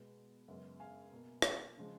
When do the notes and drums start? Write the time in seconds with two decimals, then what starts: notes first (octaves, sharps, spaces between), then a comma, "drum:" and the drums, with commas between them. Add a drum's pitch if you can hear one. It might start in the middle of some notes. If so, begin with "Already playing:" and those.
Already playing: B2 G#3 B3
0.48 F#2 C#3 G#3 B3
0.80 F5 G#5
1.13 B2 A#3
1.42 drum: rim click
1.77 C#3 F3 G#3